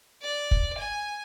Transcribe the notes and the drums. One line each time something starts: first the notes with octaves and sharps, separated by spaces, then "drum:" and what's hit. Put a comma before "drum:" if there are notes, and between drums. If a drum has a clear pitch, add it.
D5
drum: kick
G#5